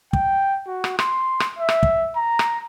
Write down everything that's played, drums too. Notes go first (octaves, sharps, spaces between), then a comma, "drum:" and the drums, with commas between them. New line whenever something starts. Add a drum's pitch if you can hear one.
G5, drum: kick
F#4
drum: rim click
C6, drum: rim click
drum: rim click
E5
drum: rim click
drum: kick
A#5
drum: rim click